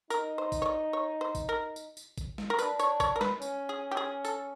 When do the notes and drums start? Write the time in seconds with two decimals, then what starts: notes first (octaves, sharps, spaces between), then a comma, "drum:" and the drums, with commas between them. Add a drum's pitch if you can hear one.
0.10 D#4 A#4, drum: tambourine
0.38 C5
0.52 drum: kick, tambourine
0.62 C#5
0.66 D5
0.93 C#5
1.21 C5
1.35 drum: kick, tambourine
1.49 A#4
1.76 drum: tambourine
1.97 drum: tambourine
2.18 drum: kick, tambourine
2.38 drum: snare
2.50 A#4
2.59 D4 B4, drum: tambourine
2.79 C#5, drum: tambourine
3.00 C#5, drum: kick, tambourine
3.16 A#4
3.21 B4, drum: snare
3.42 C#4, drum: tambourine
3.69 G#4
3.91 G4
3.97 G#4
4.25 A4, drum: tambourine